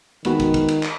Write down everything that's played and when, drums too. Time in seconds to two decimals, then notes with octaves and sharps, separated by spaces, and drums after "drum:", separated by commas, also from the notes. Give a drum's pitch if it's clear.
0.25 D#3 G#3 B3 F#4 B4, drum: cymbal
0.40 drum: kick, cymbal
0.54 drum: kick, cymbal
0.68 drum: cymbal
0.83 drum: clap